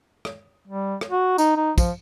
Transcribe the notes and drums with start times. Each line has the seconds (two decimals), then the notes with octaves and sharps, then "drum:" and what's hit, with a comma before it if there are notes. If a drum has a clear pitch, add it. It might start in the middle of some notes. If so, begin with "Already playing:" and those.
0.25 drum: rim click
0.68 G3
1.01 drum: rim click
1.11 F#4
1.38 D#4, drum: tambourine
1.56 D#4
1.78 F3, drum: kick, tambourine